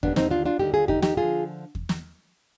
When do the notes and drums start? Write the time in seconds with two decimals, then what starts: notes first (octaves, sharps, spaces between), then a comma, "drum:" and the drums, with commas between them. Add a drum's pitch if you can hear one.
0.03 D#2 D3 G3 B3 D4, drum: kick E2
0.16 C4 D#4, drum: snare
0.31 D4 F4
0.46 D4 F4
0.59 D#2 D3 G3 D#4 G4
0.74 F4 G#4
0.88 D#4 G4, drum: kick E2
1.02 D#4 G4, drum: snare
1.17 D3 F3 F4 G#4
1.75 drum: kick E2
1.89 drum: snare